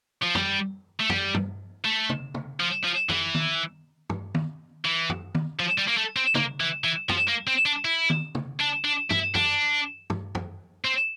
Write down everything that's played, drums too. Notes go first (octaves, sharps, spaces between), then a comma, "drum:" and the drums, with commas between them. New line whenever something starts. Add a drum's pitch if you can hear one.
F3
G3, drum: tom F#2
A3
G3, drum: tom F#2
drum: tom
A3
drum: tom C#3
drum: tom C#3
F3
F3
E3, drum: tom F#2
drum: tom D#3
drum: tom
drum: tom D#3
E3
drum: tom F#2
drum: tom D#3
F3
G3
A#3
A3
C4
A#3, drum: tom C#3
E3
E3
F3, drum: tom F#2
A#3
C4
D4
E4
drum: tom D#3
drum: tom C#3
D4
D4
E4, drum: tom
D4, drum: tom F#2
drum: tom
drum: tom F#2
C4